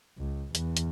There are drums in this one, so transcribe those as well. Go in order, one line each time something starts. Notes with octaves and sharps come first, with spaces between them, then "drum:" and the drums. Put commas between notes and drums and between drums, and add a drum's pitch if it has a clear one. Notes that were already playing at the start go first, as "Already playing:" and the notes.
C#2
E2, drum: hi-hat
drum: hi-hat